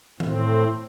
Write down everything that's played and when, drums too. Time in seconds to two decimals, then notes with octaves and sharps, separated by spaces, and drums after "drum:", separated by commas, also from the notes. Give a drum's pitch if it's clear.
0.20 A2 C4, drum: tom D#3